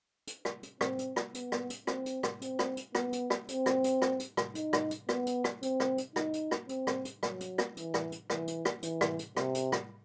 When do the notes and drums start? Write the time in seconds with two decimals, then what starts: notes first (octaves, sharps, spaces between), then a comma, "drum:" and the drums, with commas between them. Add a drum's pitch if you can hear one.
0.27 drum: hi-hat
0.45 drum: rim click
0.63 drum: hi-hat
0.81 C4, drum: rim click
0.99 drum: hi-hat
1.16 drum: rim click
1.34 B3, drum: hi-hat
1.52 drum: rim click
1.70 drum: hi-hat
1.87 C4, drum: rim click
2.06 drum: hi-hat
2.23 drum: rim click
2.41 C4, drum: hi-hat
2.59 drum: rim click
2.77 drum: hi-hat
2.95 B3, drum: rim click
3.13 drum: hi-hat
3.30 drum: rim click
3.48 C4, drum: hi-hat
3.66 drum: rim click
3.84 drum: hi-hat
4.02 drum: rim click
4.20 drum: hi-hat
4.37 drum: rim click
4.55 D#4, drum: hi-hat
4.73 drum: rim click
4.91 drum: hi-hat
5.09 B3, drum: rim click
5.27 drum: hi-hat
5.44 drum: rim click
5.62 C4, drum: hi-hat
5.80 drum: rim click
5.98 drum: hi-hat
6.16 D#4, drum: rim click
6.34 drum: hi-hat
6.51 drum: rim click
6.69 C4, drum: hi-hat
6.87 drum: rim click
7.05 drum: hi-hat
7.23 F#3, drum: rim click
7.41 drum: hi-hat
7.58 drum: rim click
7.77 E3, drum: hi-hat
7.94 drum: rim click
8.12 drum: hi-hat
8.30 E3, drum: rim click
8.48 drum: hi-hat
8.65 drum: rim click
8.83 E3, drum: hi-hat
9.01 drum: rim click
9.19 drum: hi-hat
9.37 C3, drum: rim click
9.54 drum: hi-hat
9.72 drum: rim click